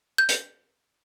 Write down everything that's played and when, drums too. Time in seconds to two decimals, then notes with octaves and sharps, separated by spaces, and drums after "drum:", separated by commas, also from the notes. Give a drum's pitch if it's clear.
0.18 G6
0.29 drum: hi-hat